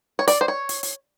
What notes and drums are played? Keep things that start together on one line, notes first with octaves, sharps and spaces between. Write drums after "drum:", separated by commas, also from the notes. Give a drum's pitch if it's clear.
C#5
D5, drum: hi-hat
C5
C#5
drum: hi-hat
drum: hi-hat